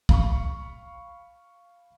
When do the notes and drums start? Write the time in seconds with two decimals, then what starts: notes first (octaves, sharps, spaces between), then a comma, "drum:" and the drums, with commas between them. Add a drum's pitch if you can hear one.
0.09 F5 B5 C#6, drum: kick